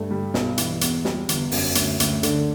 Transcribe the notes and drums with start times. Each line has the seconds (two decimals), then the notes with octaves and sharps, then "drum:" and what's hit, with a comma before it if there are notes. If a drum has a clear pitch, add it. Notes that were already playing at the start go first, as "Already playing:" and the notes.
Already playing: G2 A3
0.11 G3
0.34 B1, drum: snare
0.58 E3, drum: hi-hat
0.81 E2, drum: hi-hat
1.05 G3, drum: snare
1.29 G1, drum: hi-hat
1.52 F#2, drum: open hi-hat
1.75 D2, drum: hi-hat
2.00 D2, drum: hi-hat
2.23 D3, drum: hi-hat